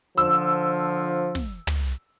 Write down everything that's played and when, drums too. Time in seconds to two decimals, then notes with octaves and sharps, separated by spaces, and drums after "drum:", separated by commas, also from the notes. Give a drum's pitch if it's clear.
0.18 D3 F3 E6
1.35 drum: snare
1.67 drum: tom